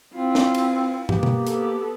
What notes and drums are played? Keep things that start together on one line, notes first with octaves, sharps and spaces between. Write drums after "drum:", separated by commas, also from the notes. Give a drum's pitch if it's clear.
C4 E4 F4
drum: snare
drum: cymbal
A#3 B3 G4, drum: tom
drum: tom
B3 A4, drum: hi-hat